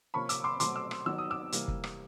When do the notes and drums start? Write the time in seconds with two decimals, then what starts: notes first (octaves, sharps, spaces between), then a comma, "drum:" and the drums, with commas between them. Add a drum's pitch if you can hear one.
0.14 C3 F3 A#3 C#4 B5 C#6
0.29 D6 E6, drum: hi-hat
0.44 C6 D6
0.60 B2 F#3 A3 C4 C6 D6, drum: hi-hat
0.76 D6 E6
0.91 drum: rim click
1.06 D#3 F#3 B3 E6
1.18 D#6
1.30 D6 E6
1.52 C3 E3 G3 A#3, drum: hi-hat
1.68 drum: kick
1.84 drum: rim click